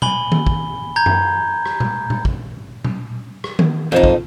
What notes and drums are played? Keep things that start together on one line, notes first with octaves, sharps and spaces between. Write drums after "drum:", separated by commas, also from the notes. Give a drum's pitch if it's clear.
G#5 B5 G7, drum: tom A#2
drum: tom D#3
drum: kick
A#5 G6 G#6
drum: tom F#2
drum: rim click
drum: tom A#2
drum: tom A#2
drum: kick
drum: tom A#2
drum: rim click
drum: tom D#3
F2 D#4 C5
drum: kick